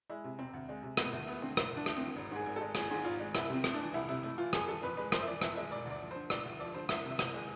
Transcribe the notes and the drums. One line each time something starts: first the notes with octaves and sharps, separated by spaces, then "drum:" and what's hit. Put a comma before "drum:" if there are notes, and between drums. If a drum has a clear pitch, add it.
G#3 E4
C3
E1 C4
D2
G#3
C3
E1 B3, drum: rim click
D2 A3
A3 B3
D3 C4
E1, drum: rim click
D2 D4
A3, drum: rim click
D3 C4
G#1
G#2 G#4
G#1
G#3 A4
G#1 G#4, drum: rim click
G#2 G#4
G#1 F4
G#3
C2 E4, drum: rim click
C3 C4
A3, drum: rim click
D4
E3
C2 E4
C3 E4
A3 E4
E3 F4
F2 G#4, drum: rim click
E3 A4
F2 B4
G#3 B4
F2 C5, drum: rim click
E5
E3 D5
F2 E5, drum: rim click
G#3 E5
E1 D5
D2 D5
F3
D3 C5
E1 D5, drum: rim click
D2
F3 D5
D3 C5
C2 E5, drum: rim click
C3
E5
C2, drum: rim click
G#3